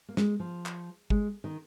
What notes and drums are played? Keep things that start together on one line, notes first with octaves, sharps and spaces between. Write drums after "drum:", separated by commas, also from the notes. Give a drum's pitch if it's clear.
A#3
G#3, drum: snare
F3
drum: clap
G#3, drum: kick
D#3